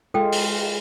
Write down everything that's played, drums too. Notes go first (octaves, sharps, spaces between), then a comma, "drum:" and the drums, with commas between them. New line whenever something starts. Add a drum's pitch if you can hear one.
G#3 F4 A4 G5
drum: open hi-hat